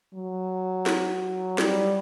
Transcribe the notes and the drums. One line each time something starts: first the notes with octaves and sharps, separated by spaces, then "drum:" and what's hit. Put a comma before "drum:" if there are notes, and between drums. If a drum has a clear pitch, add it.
F#3
drum: snare
G3, drum: snare